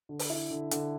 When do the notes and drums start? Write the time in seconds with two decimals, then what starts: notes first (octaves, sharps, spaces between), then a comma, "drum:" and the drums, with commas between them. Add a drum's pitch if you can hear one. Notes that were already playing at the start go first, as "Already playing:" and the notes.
0.09 D3
0.19 drum: open hi-hat
0.30 E4
0.50 D3
0.71 D3, drum: hi-hat